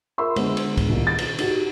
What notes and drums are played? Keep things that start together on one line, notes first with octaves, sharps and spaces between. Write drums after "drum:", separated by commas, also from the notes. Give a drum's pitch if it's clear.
F4 A#4 E5 B5 C6 E6
D3 G#3 B3 G#4 C5, drum: cymbal
drum: cymbal
drum: kick, cymbal
C2 A#2 D#3
A6
drum: cymbal
D#4 F#4 G4, drum: cymbal